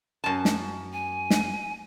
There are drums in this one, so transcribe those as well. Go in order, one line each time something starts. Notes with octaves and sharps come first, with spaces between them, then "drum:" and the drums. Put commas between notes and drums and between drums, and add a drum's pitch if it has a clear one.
F#2 A5
drum: snare
G#5
drum: snare